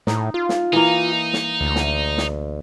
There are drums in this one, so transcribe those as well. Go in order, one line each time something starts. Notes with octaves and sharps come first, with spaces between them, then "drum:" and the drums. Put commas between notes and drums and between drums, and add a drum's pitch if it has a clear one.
A2 D#4, drum: snare
F4
drum: snare
E3 A#3 D#4
drum: snare
D2
drum: snare
drum: snare